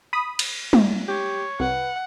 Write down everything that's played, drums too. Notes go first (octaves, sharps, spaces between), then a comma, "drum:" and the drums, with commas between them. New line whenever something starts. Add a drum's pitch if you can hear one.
B5 D#6
drum: cymbal
drum: tom
G4 C#5
C2 B4 F#5